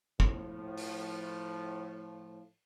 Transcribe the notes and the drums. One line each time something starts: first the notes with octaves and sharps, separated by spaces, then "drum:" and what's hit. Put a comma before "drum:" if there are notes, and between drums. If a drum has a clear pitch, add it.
A2 F3, drum: kick
drum: open hi-hat